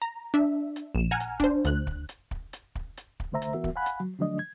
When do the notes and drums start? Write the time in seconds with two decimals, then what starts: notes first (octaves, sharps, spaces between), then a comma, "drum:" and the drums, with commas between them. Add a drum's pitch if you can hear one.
0.02 A#5
0.34 D4 E5
0.76 drum: hi-hat
0.95 A#1 E7
1.11 F#5 G#5 A#5 F6
1.20 drum: hi-hat
1.40 D4 C5, drum: kick
1.65 D2 F#6, drum: hi-hat
1.87 drum: kick
2.09 drum: hi-hat
2.31 drum: kick
2.53 drum: hi-hat
2.75 drum: kick
2.98 drum: hi-hat
3.20 drum: kick
3.32 C2 D3 A3 C5 E5 A#5
3.42 drum: hi-hat
3.53 E3 B3 F#4 A#4 E5
3.64 drum: kick
3.76 F5 F#5 G#5 B5 F#6
3.86 drum: hi-hat
4.00 F#3
4.18 D3 F3 F#3 A3 D4 D#5
4.39 G#6